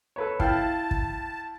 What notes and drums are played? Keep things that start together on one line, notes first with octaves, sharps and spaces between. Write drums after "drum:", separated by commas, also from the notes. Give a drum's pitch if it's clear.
A4 B4 C#5
E4 F5 G5 A5, drum: kick
drum: kick